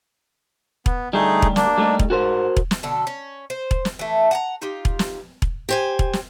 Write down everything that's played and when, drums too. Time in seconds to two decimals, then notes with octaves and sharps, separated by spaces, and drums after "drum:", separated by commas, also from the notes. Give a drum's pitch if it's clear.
0.86 B3, drum: kick E1
1.13 D2 G3 A3 D#4 G#4
1.42 drum: kick E1
1.56 A#3 D4, drum: snare
1.78 G3 A3 D#4
1.99 drum: kick E1
2.10 G#2 F#4 A#4 C5
2.57 drum: kick E1
2.71 drum: snare
2.83 B2 D3 A4
3.07 C#4
3.50 C5
3.71 drum: kick E1
3.85 drum: snare
3.99 E3 A3
4.31 F#5 A5 A#5
4.62 D#4 F4 G4
4.85 drum: kick E1
4.99 drum: snare
5.42 drum: kick E1
5.69 G4 C5 G#5
5.99 drum: kick E1
6.13 drum: snare